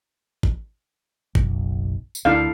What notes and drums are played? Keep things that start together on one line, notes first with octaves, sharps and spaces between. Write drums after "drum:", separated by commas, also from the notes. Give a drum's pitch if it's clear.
drum: kick G#1
F#1 B1, drum: kick G#1
drum: tambourine
D2 D4 E4 A4 F5